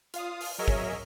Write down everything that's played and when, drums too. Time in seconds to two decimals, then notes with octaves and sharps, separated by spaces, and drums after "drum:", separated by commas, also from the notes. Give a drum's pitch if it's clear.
0.14 F4 F5 D#6, drum: hi-hat
0.41 drum: open hi-hat
0.58 F#3 G#4 A#4 C#5 D#5 E5
0.68 drum: kick